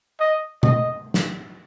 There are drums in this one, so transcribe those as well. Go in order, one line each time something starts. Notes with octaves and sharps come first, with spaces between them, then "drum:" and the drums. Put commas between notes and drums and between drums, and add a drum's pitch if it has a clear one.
D#5
D#5, drum: tom B2
drum: snare